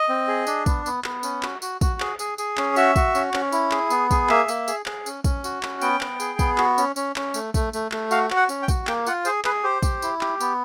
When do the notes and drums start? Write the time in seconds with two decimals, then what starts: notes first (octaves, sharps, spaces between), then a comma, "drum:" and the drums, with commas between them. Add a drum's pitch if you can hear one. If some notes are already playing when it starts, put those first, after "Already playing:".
Already playing: D#5
0.09 C4
0.28 G#4
0.47 D4, drum: tambourine
0.66 B3, drum: kick, tambourine
0.86 B3, drum: tambourine
1.04 B3, drum: clap
1.23 C#4, drum: tambourine
1.43 F#4, drum: clap
1.62 F#4, drum: tambourine
1.81 F#4, drum: kick, tambourine
2.00 G#4, drum: clap
2.19 G#4, drum: tambourine
2.38 G#4, drum: tambourine
2.57 C#4, drum: clap
2.76 F#4 E5, drum: tambourine
2.96 F#4, drum: kick, tambourine
3.15 C#4, drum: tambourine
3.34 C#4, drum: clap
3.52 E4, drum: tambourine
3.72 G#4, drum: clap
3.90 B3, drum: tambourine
4.11 G#4, drum: kick, tambourine
4.29 A#3 E5, drum: clap
4.48 A#3, drum: tambourine
4.68 G#4, drum: tambourine
4.86 G#4, drum: clap
5.06 C#4, drum: tambourine
5.24 C#4, drum: kick, tambourine
5.44 F#4, drum: tambourine
5.63 C#4, drum: clap
5.81 B3 G5, drum: tambourine
6.01 B3, drum: clap
6.20 G#4, drum: tambourine
6.39 B3, drum: kick, tambourine
6.58 F#4, drum: clap
6.78 C#4, drum: tambourine
6.96 C#4, drum: tambourine
7.16 C#4, drum: clap
7.34 A3, drum: tambourine
7.54 A3, drum: kick, tambourine
7.73 A3, drum: tambourine
7.92 A3, drum: clap
8.11 F#4 F5, drum: tambourine
8.30 F#4, drum: clap
8.36 F#5
8.49 C#4, drum: tambourine
8.62 G5
8.68 F#4, drum: kick, tambourine
8.87 A#3 G5, drum: clap
9.07 F4 F#5, drum: tambourine
9.25 G#4 C5, drum: tambourine
9.45 G#4 B4, drum: clap
9.63 G4 C5
9.82 G4, drum: kick, tambourine
10.02 E4, drum: tambourine
10.21 G4, drum: clap
10.41 B3, drum: tambourine